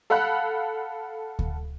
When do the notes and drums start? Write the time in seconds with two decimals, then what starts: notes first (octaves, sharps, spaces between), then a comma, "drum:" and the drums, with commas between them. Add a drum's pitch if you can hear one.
0.10 A4 F5 F#5 B5 F#6
1.39 drum: kick D2